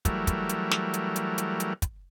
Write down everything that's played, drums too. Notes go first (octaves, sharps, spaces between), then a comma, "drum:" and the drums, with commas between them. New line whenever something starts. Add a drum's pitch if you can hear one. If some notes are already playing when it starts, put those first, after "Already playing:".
E3 F#3 G3 A3 A#4, drum: kick, hi-hat
drum: kick, hi-hat
drum: hi-hat
drum: snare
drum: hi-hat
drum: hi-hat
drum: hi-hat
drum: hi-hat
drum: kick, hi-hat